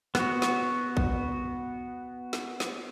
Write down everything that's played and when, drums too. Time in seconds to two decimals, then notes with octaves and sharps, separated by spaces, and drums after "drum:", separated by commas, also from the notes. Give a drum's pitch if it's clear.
0.15 B3 F#4, drum: snare
0.42 drum: snare
0.97 drum: kick
2.33 drum: snare
2.60 drum: snare